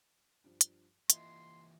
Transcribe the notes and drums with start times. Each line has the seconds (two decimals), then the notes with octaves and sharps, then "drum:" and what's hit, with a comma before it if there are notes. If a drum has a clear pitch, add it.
0.44 G2 F3
0.61 drum: hi-hat
1.10 E3 A#3 F4 D#5 E5 C6, drum: hi-hat